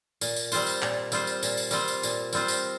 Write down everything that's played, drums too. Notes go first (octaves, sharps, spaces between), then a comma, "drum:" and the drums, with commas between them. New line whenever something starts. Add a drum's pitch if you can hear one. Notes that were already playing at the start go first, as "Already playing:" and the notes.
A#2, drum: tambourine
drum: tambourine
G3 C4 F4 C5, drum: tambourine
drum: tambourine
A#2, drum: clap
G3 C4 F4 C5, drum: tambourine
drum: tambourine
A#2, drum: tambourine
drum: tambourine
G3 C4 F4 C5, drum: tambourine
drum: tambourine
A#2, drum: tambourine
G3 C4 F4 C5, drum: tambourine
drum: tambourine